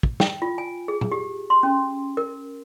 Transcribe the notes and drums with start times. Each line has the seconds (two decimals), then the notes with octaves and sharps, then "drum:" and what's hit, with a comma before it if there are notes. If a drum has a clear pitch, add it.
0.03 drum: kick
0.20 G5, drum: snare
0.42 F4
0.58 G#5
0.88 G#4
1.01 drum: tom A#2
1.12 G4
1.50 C6
1.63 C#4
2.17 A#4